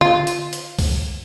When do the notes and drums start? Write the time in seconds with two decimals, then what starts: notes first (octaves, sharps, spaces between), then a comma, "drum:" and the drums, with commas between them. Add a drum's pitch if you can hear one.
0.01 F4, drum: tom D3
0.27 drum: hi-hat
0.53 drum: hi-hat
0.79 drum: kick C2, open hi-hat